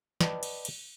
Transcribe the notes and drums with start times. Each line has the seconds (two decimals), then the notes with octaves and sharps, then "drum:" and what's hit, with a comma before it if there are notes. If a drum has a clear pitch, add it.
0.21 B4 D5 D#5 G5 A5, drum: snare
0.43 drum: cymbal
0.65 drum: cymbal